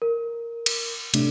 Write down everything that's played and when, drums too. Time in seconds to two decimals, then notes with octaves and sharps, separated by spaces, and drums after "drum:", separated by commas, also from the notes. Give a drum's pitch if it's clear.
0.02 A#4
0.66 drum: cymbal
1.14 C3 A3 D4, drum: cymbal